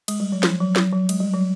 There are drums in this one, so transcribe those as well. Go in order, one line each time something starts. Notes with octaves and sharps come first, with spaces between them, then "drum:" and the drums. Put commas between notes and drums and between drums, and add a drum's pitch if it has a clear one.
G#3, drum: cymbal
G3
F#3
F3, drum: snare
F#3
F#3, drum: snare
F#3
G#3, drum: cymbal
G3
F#3